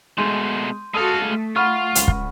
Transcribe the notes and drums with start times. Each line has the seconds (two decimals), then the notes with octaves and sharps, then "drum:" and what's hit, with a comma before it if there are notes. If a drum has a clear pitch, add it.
0.18 B2 G#3 A3 C6 G6 D#7
0.94 G#3 F#4 A4 F5 D#6
1.24 A3
1.56 F4 F#5 B5 C#6 F6 D#7
1.95 C#2, drum: hi-hat
2.08 drum: kick